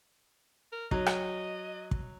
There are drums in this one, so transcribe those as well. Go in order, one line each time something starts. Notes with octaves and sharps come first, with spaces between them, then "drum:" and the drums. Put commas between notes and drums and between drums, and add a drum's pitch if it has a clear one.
A#4
F#3 D#5, drum: kick
drum: rim click
drum: kick